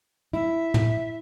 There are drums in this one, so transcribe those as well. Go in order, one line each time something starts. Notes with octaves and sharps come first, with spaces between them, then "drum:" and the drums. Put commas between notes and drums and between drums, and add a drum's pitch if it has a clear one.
E4 E5
drum: tom